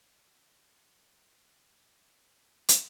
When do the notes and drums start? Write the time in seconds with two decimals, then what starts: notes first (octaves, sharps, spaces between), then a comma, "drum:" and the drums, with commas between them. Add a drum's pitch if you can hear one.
0.10 A2 C#4
2.69 drum: hi-hat